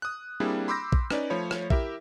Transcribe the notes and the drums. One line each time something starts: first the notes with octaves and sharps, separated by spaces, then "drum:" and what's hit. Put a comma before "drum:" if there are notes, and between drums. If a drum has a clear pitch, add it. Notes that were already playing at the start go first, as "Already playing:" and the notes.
D#6 F#6
G3 A#3 C4 D4 E4 G#4
B5 C6 D6 E6 G6 A#6
drum: kick A#1
C#4 D#4 B4 D5, drum: rim click
F3 A3 C#5 B5
drum: rim click
E4 G4 A#4 E5, drum: kick A#1